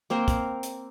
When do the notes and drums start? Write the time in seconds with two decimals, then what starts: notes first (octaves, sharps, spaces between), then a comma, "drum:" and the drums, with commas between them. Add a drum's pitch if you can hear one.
0.10 A#3 C4 A#4 C5
0.28 drum: kick, hi-hat
0.63 drum: hi-hat